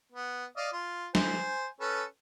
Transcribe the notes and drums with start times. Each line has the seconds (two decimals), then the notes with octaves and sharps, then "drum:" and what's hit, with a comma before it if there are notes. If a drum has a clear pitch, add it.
0.12 B3
0.57 D5 D#5 F5
0.72 F4
1.15 C5 G#5, drum: snare
1.80 C#4 A4 B4